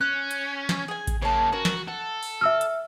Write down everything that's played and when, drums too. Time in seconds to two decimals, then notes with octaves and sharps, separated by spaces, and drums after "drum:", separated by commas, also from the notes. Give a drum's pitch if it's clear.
0.01 C#4 F#6
0.31 drum: hi-hat
0.69 drum: snare
0.88 G#4 G#5
1.07 drum: kick A1, hi-hat
1.22 C#3 A#3 C#5 A5
1.52 C#4 F#4 A#4
1.65 drum: snare
1.88 A4 F#5
2.23 drum: open hi-hat
2.41 E5 E6 F6
2.61 drum: hi-hat